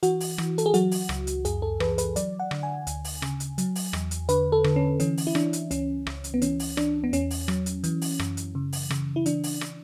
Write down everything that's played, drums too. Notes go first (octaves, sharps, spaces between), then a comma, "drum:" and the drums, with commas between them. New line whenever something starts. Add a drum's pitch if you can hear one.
E3 F#4, drum: hi-hat
drum: open hi-hat
E3, drum: rim click
A4, drum: hi-hat
G#4
F#3 F#4, drum: hi-hat
drum: open hi-hat
C#2, drum: rim click
drum: hi-hat
F#2 G#4, drum: hi-hat
A4
E3 B4, drum: rim click
B4, drum: hi-hat
F#3 D5, drum: hi-hat
F#5
D3, drum: rim click
G#5
D2, drum: hi-hat
drum: open hi-hat
C#3, drum: rim click
drum: hi-hat
F#3, drum: hi-hat
drum: open hi-hat
E2, drum: rim click
drum: hi-hat
D3 B4, drum: hi-hat
A4
D3, drum: rim click
C#4
E3 C#4, drum: hi-hat
drum: open hi-hat
E4
E3 D4, drum: rim click
drum: hi-hat
C#2 C#4, drum: hi-hat
C#2, drum: rim click
drum: hi-hat
B3
E3 C#4, drum: hi-hat
drum: open hi-hat
E3 D4, drum: rim click
B3
E2 C#4, drum: hi-hat
drum: open hi-hat
F#3, drum: rim click
drum: hi-hat
E3, drum: hi-hat
drum: open hi-hat
F#2, drum: rim click
drum: hi-hat
C#3
drum: open hi-hat
C#3, drum: rim click
E4
E3 D4, drum: hi-hat
drum: open hi-hat
drum: rim click